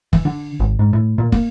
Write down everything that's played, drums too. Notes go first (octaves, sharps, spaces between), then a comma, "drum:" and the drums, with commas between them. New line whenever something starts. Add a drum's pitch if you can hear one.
E3, drum: kick
D3
G#1
G#2
A2
A#2
A#3, drum: kick